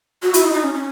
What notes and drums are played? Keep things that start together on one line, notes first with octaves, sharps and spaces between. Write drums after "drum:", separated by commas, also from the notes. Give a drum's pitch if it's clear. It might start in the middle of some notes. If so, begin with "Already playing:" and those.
F#4
E4, drum: hi-hat
D#4
D#4
C#4
C#4